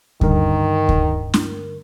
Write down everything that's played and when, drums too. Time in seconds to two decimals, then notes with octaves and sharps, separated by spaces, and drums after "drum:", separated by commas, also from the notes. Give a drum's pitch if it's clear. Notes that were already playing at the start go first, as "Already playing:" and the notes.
0.21 G2 D3 D#3 A#4, drum: kick D2
0.89 drum: kick D2
1.34 drum: snare